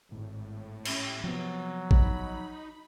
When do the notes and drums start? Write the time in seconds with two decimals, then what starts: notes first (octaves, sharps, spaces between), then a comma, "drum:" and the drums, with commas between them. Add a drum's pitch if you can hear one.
0.12 G#1 A2
0.85 C#4 E4 G4, drum: cymbal
1.24 C3 F3 F#3 B3
1.91 D#4 B5, drum: kick G#1